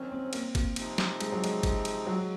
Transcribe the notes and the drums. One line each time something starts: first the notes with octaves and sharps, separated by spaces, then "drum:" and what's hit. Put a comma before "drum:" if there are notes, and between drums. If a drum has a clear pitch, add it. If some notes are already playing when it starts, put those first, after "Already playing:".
Already playing: D#3 F#3 C4 C#4
C4
A#3, drum: cymbal
A#3, drum: kick G1, cymbal
C3 F3 C4 D#4, drum: cymbal
drum: snare
G#3, drum: cymbal
F#3
G#3, drum: cymbal
drum: kick G1, cymbal
drum: cymbal
F#3